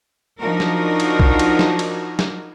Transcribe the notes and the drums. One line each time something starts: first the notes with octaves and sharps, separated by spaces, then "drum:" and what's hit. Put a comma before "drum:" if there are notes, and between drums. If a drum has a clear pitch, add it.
F3 D4 D#4 F#4 A#4
drum: snare
drum: cymbal
drum: kick A#1
drum: cymbal
drum: snare
drum: cymbal
drum: snare